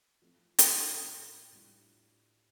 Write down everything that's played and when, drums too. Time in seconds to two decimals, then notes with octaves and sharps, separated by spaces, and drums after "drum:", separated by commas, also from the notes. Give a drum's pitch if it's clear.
0.22 F3 A3 C4
0.59 drum: hi-hat
0.87 A2 A3 F4
1.52 A2 G3 D4 F4